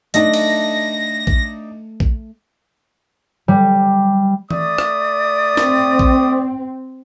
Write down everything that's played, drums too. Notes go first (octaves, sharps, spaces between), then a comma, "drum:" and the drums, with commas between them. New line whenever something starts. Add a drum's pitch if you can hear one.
A3 D4 D#4 D#5 A#6, drum: hi-hat
drum: cymbal
drum: kick
drum: kick
G3
A3 D5 D6 D#6, drum: tom E3
drum: rim click
C4, drum: snare
drum: kick